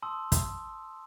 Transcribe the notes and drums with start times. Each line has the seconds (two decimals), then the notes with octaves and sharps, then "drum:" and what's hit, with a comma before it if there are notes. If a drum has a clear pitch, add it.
0.02 A5 C6 D#6 E6
0.32 drum: kick, hi-hat